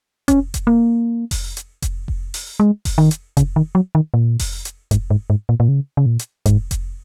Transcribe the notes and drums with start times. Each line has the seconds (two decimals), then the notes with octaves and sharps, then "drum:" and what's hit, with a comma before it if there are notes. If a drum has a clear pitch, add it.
0.28 C#4, drum: kick F1, hi-hat
0.54 drum: kick F1, hi-hat
0.67 A#3
1.31 drum: kick F1, open hi-hat
1.57 drum: hi-hat
1.82 drum: kick F1, hi-hat
2.08 drum: kick F1
2.34 drum: open hi-hat
2.60 G#3
2.85 drum: kick F1, open hi-hat
2.98 D#3
3.11 drum: hi-hat
3.37 C#3, drum: kick F1, hi-hat
3.56 D#3
3.75 F#3
3.95 D#3
4.14 A#2
4.39 drum: kick F1, open hi-hat
4.65 drum: hi-hat
4.91 G#2, drum: kick F1, hi-hat
5.10 G#2
5.30 G#2
5.49 A#2
5.60 A#2
5.69 C#3
5.97 C#3
6.06 A#2
6.19 drum: hi-hat
6.46 G#2, drum: kick F1, hi-hat
6.71 drum: kick F1, hi-hat